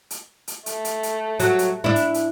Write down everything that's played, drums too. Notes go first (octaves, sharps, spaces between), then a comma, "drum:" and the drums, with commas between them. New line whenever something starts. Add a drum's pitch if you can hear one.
drum: hi-hat
drum: hi-hat
A3, drum: hi-hat
drum: hi-hat
drum: hi-hat
F#3, drum: hi-hat
drum: hi-hat
D4 E4
drum: hi-hat
drum: hi-hat